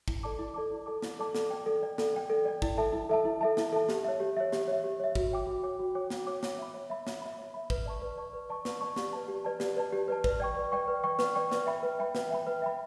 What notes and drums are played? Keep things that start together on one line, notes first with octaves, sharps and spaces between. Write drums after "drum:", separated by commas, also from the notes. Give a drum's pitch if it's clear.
E4, drum: kick
A4 D5 A5 D6
E4
A4 D5 A5 D6
E4
A4 D5 A5 D6
E4, drum: snare
A4 D5 A5 D6
A4, drum: snare
D5 G5
A4
D5 G5
A4, drum: snare
D5 G5
A4
D5 G5
E4, drum: kick
A4 E5 A5
E4
A4 E5 A5
E4
A4 E5 A5
E4, drum: snare
A4 E5 A5
G4, drum: snare
C#5 E5
G4
C#5 E5
G4, drum: snare
C#5 E5
G4
C#5 E5
F#4, drum: kick
C#5 G5 D6
F#4
C#5 G5 D6
F#4
C#5 G5 D6
F#4, drum: snare
C#5 G5 D6
C#5, drum: snare
E5 B5
C#5
E5 B5
C#5, drum: snare
E5 B5
C#5
E5 B5
B4, drum: kick
D5 A5 C#6
B4
D5 A5 C#6
B4
D5 A5 C#6
B4, drum: snare
D5 A5 C#6
G4, drum: snare
B4 D5 A5
G4
B4 D5 A5
G4, drum: snare
B4 D5 A5
G4
B4 D5 A5
B4, drum: kick
D5 G5 C#6
B4
D5 G5 C#6
B4
D5 G5 C#6
B4, drum: snare
D5 G5 C#6
B4, drum: snare
E5 G5 B5
B4
E5 G5 B5
B4, drum: snare
E5 G5 B5
B4
E5 G5 B5